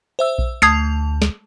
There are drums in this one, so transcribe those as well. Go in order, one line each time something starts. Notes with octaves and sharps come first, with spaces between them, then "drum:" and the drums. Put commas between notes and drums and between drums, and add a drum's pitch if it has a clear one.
C5 E5 E6
drum: kick A#1
D2 A3 A5 D#6 G#6 C7 F7
drum: snare